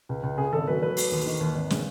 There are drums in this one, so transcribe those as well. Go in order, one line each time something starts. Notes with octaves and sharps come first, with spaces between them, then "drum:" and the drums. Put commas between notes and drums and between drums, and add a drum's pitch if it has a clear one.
C#2
C#2
C#3 G#4
G#1 A4
F#3 B4
F#3 B4
A3, drum: open hi-hat
D#2
D#3
D#2
G#1
C#3, drum: snare